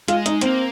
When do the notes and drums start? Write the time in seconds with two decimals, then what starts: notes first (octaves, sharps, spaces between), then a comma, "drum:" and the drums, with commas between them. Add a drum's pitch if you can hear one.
0.08 G#3 F4, drum: hi-hat
0.26 D#4, drum: hi-hat
0.41 A#3 C4, drum: hi-hat